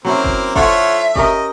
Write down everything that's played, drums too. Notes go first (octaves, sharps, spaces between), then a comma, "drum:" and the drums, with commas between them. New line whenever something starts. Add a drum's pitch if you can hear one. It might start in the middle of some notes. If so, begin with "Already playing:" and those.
F#3 A#3 C4 C#4 E4
drum: kick F#1
D4 F4 A4 C5 C#5 E5 F#5, drum: kick F#1
C#4 G4 A#4 D#5, drum: kick F#1